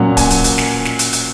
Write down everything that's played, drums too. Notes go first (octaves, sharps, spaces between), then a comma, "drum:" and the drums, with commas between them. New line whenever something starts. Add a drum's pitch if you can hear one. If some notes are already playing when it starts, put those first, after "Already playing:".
Already playing: A#2 F#3 C#4 F#5
G#5, drum: kick D1, hi-hat
drum: hi-hat
drum: hi-hat
drum: snare
drum: snare
drum: hi-hat
drum: hi-hat